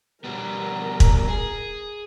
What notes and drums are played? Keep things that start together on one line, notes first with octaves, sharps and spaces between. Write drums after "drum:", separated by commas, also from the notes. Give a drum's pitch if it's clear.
B2 G3 B3 A#4
drum: kick
G#4